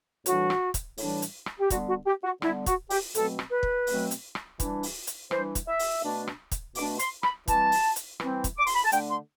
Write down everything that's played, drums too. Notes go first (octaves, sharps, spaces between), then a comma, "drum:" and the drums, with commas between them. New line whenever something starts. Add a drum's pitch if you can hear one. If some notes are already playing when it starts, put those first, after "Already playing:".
A2 E3 G3 D4 F#4, drum: hi-hat
drum: rim click
drum: kick, hi-hat
A2 E3 G3 D4, drum: open hi-hat
drum: hi-hat
drum: rim click
G4
D3 G3 B3 F#4, drum: kick, hi-hat
F#4
G4
F#4
D3 G3 B3 E4, drum: rim click
F#4, drum: kick, hi-hat
G4, drum: open hi-hat
B2 F#3 A3 C4 A4, drum: hi-hat
drum: rim click
B4
drum: kick
B2 F#3 A3 C4, drum: open hi-hat
drum: hi-hat
drum: rim click
E3 G3 D4, drum: kick, hi-hat
drum: open hi-hat
drum: hi-hat
E3 G3 D4 C5, drum: rim click
drum: kick, hi-hat
E5
drum: open hi-hat
B2 A3 D4
drum: rim click
drum: kick, hi-hat
B2 A3 D4 D6, drum: open hi-hat
C6, drum: hi-hat
B5, drum: rim click
E3 G3 C4 A5, drum: kick, hi-hat
drum: open hi-hat
drum: hi-hat
E3 G3 C4, drum: rim click
drum: kick, hi-hat
D6
C6, drum: open hi-hat
B5
A5
D3 A3 D4 G5, drum: hi-hat
C6